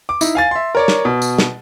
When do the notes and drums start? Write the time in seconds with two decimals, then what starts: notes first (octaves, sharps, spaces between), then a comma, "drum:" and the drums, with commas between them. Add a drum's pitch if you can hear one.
0.09 D6
0.21 D#4 E4, drum: tambourine
0.35 F5 G#5 A6
0.51 E5 C6
0.75 A#4 C#5 D5
0.88 drum: snare
1.05 B2
1.22 drum: tambourine
1.38 drum: snare